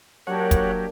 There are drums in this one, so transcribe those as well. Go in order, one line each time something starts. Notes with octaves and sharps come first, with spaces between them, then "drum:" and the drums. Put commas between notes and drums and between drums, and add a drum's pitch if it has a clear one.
F#3 A#3 D4 G4 A#4 C#5 F#5
drum: kick, hi-hat